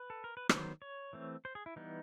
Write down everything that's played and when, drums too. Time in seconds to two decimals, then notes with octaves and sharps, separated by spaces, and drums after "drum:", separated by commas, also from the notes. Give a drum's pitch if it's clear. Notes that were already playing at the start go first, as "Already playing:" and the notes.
Already playing: B4
0.10 A4
0.24 A#4
0.37 B4
0.49 D#3 F#3 B3 C5, drum: rim click
0.82 C#5
1.13 E3 A3 C4
1.45 C5
1.55 G#4
1.66 E4
1.76 E3 G3 B3 D#4